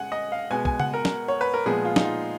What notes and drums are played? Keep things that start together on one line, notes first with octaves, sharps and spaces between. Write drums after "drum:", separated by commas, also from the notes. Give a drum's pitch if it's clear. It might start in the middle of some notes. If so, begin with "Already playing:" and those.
Already playing: C#3 G#3 F#5 G#5
D#5
F5
B2 G#3 B3 G#5
G#5, drum: kick
F#5, drum: tom C#3
A#4
drum: snare
C#5
B4
A#4
A#2 F3 G#3 B3 G#4
F4
D#4, drum: snare
F4